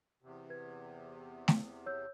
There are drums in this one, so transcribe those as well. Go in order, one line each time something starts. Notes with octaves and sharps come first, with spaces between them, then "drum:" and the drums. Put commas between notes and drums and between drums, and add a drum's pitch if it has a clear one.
E2 C3
B4 G#6
drum: snare A3
C#5 E6 G6